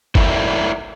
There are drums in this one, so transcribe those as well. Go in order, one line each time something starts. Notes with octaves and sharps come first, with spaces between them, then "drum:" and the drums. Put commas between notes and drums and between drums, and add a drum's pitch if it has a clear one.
E4 A4 A#4 D5 E5, drum: kick G1